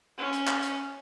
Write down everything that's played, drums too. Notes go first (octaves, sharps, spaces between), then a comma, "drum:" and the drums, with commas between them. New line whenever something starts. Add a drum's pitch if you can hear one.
C#4
drum: hi-hat
drum: clap
drum: hi-hat